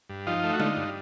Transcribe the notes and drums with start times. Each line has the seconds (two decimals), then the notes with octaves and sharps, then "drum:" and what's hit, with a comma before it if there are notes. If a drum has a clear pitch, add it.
0.09 G2
0.27 F3 D#4 F4
0.44 A3
0.53 F#4
0.60 D3 D#4 F4, drum: tom
0.77 G2